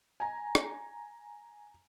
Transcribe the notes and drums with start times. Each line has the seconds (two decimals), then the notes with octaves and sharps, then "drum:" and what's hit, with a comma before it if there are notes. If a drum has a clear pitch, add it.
0.20 G#5 A#5
0.55 drum: rim click